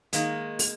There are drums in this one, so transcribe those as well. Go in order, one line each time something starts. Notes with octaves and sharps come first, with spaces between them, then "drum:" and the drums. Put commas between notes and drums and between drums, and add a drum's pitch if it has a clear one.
D#3 G#3 A#3, drum: hi-hat
drum: open hi-hat